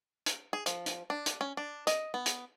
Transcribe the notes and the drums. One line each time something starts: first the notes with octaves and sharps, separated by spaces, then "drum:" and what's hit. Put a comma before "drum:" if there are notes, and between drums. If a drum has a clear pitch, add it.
drum: hi-hat
G#4
F3, drum: hi-hat
drum: hi-hat
D4
drum: hi-hat
C#4
D4
D#5, drum: hi-hat
B3
drum: hi-hat